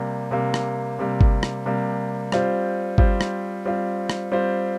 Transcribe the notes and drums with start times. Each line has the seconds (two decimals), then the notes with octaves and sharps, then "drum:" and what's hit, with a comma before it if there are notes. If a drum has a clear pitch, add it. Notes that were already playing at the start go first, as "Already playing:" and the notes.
Already playing: C3 G3 A#3
0.31 C3 G3 A#3
0.54 drum: rim click
0.99 C3 G3 A#3
1.21 drum: kick G1
1.43 drum: rim click
1.66 C3 G3 A#3
2.32 G3 C4 F4 C5, drum: rim click
2.98 G3 C4 F4 C5, drum: kick G1
3.21 drum: rim click
3.65 G3 C4 F4 C5
4.10 drum: rim click
4.32 G3 C4 F4 C5